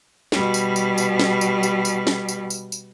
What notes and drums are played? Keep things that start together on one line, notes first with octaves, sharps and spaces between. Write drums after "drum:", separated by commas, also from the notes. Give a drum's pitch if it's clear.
B2 G3, drum: snare
drum: tambourine
drum: tambourine
drum: tambourine
drum: snare
drum: tambourine
drum: tambourine
drum: tambourine
drum: snare
drum: tambourine
drum: tambourine
drum: tambourine